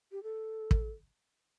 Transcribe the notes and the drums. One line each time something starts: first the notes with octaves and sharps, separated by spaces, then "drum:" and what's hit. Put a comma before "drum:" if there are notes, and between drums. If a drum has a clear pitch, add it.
G4
A4
drum: kick